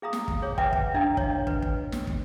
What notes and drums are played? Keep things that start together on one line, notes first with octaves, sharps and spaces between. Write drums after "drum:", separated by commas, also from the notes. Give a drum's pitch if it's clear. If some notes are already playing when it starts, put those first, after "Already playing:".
G#4 F5 A#5 D#6
drum: snare
drum: kick
G#4 C#5
B4 E5 F#5 G5 D6, drum: kick
drum: kick
D4 D#5 F5 G5 A#5
C#5 D#5, drum: kick
B4, drum: kick
drum: kick
drum: snare
drum: kick